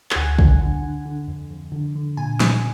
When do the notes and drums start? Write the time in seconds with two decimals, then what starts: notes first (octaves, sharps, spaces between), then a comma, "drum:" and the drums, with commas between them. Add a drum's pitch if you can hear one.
0.11 G#5, drum: clap
0.16 D2 F#5
0.39 D3, drum: kick
0.61 D3
0.83 D3
1.05 D3
1.27 F2
1.50 F2
1.72 D3
1.96 D3
2.17 A#2 G#5
2.40 A#2, drum: snare